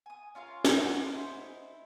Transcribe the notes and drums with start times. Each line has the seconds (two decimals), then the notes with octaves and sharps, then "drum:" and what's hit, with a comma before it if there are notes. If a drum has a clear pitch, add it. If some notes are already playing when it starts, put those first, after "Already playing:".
0.06 G#5 D#6
0.35 C#4 F4 A#4 F5
0.65 drum: snare
0.82 F#4 G#5
1.04 D#4 E4 C5